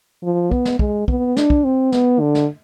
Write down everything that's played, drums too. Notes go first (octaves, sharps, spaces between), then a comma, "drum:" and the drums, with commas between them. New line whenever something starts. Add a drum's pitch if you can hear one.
F3
B3, drum: kick
drum: snare
G#3, drum: kick
B3, drum: kick
D4, drum: snare
drum: kick
C4
B3, drum: snare
D3
drum: snare